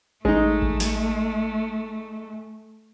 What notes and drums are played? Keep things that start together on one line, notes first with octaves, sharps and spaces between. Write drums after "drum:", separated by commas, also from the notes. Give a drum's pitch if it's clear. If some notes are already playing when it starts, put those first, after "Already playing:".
G#3 A3 D#4, drum: kick A1
drum: kick A1
drum: snare